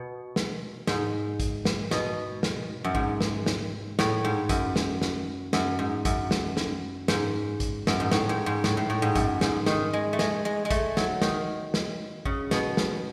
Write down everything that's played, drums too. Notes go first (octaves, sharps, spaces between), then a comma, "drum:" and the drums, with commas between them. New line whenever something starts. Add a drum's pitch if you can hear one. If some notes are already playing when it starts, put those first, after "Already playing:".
Already playing: B2
drum: snare
G#2, drum: snare
drum: kick, hi-hat
drum: snare
B2, drum: snare
drum: snare
F#2
G#2, drum: kick
drum: snare
drum: snare
A2, drum: snare
G#2
F#2, drum: kick, hi-hat
drum: snare
drum: snare
F#2, drum: snare
G#2
F#2, drum: kick, hi-hat
drum: snare
drum: snare
G#2, drum: snare
drum: kick, hi-hat
F#2, drum: snare
G#2
A2, drum: snare
G#2
G#2
A2, drum: snare
A2
A2
G#2
F#2, drum: kick, hi-hat
G#2, drum: snare
D#3, drum: snare
G#3
A3
G#3, drum: snare
G#3
G#3
A3, drum: kick, hi-hat
F#3, drum: snare
D#3, drum: snare
drum: snare
C#3, drum: kick
B2, drum: snare
drum: snare